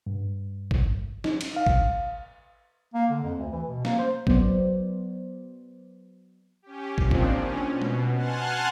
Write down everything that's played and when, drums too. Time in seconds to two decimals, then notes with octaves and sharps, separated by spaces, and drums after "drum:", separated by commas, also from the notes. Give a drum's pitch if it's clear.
0.06 G2
0.71 drum: kick
1.24 D#4, drum: snare
1.41 drum: cymbal
1.56 F5
1.67 drum: kick
2.94 A#3
3.11 D3
3.24 F2
3.38 D2
3.52 E3
3.68 B2
3.85 A#3, drum: snare
3.99 C5
4.27 F#3 B3 C5 D5, drum: kick
6.62 C#4 G4
6.98 A#2 D#3 F3 C4 D4, drum: kick
7.11 drum: kick
7.34 C#4
7.67 B2
7.82 drum: tom
8.15 F#5 G#5 A5 C6 F6 F#6